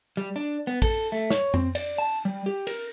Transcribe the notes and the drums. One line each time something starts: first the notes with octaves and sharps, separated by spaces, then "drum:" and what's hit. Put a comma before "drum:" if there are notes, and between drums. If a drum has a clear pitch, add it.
G3
D4
B3
A4, drum: kick, cymbal
A3
C#5, drum: snare
C4, drum: tom F2
D5, drum: cymbal
A5
G3
G4
A#4, drum: cymbal